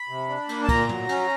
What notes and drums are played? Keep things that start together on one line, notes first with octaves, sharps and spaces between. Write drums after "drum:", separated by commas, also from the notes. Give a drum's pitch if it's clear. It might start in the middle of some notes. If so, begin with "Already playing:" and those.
Already playing: B5
C3
D4
A#3, drum: cymbal
A5
A#2 A#5, drum: kick, cymbal
F#3, drum: tom
C#4, drum: cymbal